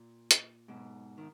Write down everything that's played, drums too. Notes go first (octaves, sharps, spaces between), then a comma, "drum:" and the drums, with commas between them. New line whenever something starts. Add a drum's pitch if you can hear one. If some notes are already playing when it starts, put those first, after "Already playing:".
Already playing: A#2
drum: hi-hat
G#2 B2
D#3